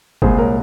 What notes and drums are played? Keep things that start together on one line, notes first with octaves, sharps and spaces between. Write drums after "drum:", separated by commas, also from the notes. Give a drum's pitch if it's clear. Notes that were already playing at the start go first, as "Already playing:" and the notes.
C2 A#2 G#3 G#4 C5, drum: kick G1
A#4 C#5